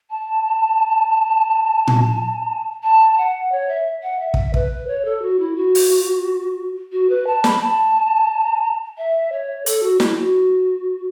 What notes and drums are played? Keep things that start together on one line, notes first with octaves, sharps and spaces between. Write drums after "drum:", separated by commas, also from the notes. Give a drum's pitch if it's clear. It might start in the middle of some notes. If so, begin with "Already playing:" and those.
A5
drum: tom A#2
A5
F#5
C#5
E5
F#5
E5
drum: kick
B4, drum: kick
C#5
A4
F#4
E4
F#4
drum: open hi-hat
F#4
B4
A5
B5, drum: snare
A5
E5
C#5
A4, drum: hi-hat
F#4
E4, drum: snare
F#4